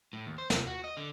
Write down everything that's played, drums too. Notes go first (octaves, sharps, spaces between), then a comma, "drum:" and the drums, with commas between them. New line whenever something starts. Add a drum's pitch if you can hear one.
A2
D#2
C5
C3, drum: snare
F#4
D#5
D3